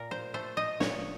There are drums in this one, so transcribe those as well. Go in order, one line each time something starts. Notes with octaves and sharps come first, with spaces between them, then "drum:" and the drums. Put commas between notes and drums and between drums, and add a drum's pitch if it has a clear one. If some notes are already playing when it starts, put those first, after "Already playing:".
Already playing: A#2 A#4
C5
A3 C5
D#5
A#2 C#5, drum: snare